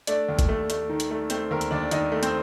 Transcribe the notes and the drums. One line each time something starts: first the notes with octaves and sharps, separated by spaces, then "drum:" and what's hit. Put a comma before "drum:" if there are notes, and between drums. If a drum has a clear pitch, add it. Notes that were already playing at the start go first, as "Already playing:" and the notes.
A3 D4 D5, drum: hi-hat
D#2
drum: kick F#1, hi-hat
A3
A3, drum: hi-hat
D#3
drum: hi-hat
A3
A3 C4 C5, drum: hi-hat
D#2 A#4
drum: hi-hat
D#2 D4 D5
D#2 D#4 D#5, drum: hi-hat
A3
C4 C5, drum: hi-hat